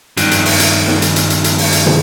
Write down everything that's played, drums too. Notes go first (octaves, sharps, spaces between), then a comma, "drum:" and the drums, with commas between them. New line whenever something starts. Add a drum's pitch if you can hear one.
G2 D#3, drum: hi-hat
drum: hi-hat
drum: open hi-hat
drum: hi-hat
drum: snare
drum: hi-hat
drum: hi-hat
drum: hi-hat
drum: hi-hat
drum: open hi-hat
drum: hi-hat
drum: tom